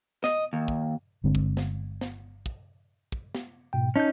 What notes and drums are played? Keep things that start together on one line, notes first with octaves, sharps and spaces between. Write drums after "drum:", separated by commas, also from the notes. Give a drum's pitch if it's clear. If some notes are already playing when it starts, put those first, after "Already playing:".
D#5, drum: snare
D#2
drum: kick
G1 D3 G#3 C4
drum: kick
drum: snare
drum: snare
drum: kick
drum: kick
drum: snare
G#2 B2 G5
C#4 D#4 A5 G6